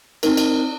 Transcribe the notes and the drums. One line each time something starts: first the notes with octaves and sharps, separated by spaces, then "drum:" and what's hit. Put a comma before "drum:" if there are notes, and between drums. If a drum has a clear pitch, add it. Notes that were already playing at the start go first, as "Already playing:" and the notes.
C4 D#4 A#4, drum: cymbal
drum: cymbal